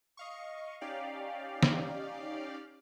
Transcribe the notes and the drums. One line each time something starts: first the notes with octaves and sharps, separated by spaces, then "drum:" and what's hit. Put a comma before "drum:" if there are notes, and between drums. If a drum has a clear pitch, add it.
D#5 F5 C#6
C#4 D#4 G4 D5 F5
drum: snare